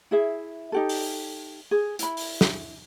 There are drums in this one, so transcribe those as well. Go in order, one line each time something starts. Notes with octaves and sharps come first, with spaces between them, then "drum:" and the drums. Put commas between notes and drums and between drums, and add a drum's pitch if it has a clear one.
E4 G#4 E5
D#4 G4 A4
drum: open hi-hat
G#4
E4 B5, drum: hi-hat
drum: open hi-hat
drum: snare